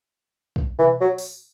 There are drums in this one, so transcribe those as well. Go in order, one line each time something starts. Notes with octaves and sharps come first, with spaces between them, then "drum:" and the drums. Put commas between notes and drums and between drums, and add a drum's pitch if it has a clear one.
drum: kick
E3, drum: tom B2
F#3
drum: open hi-hat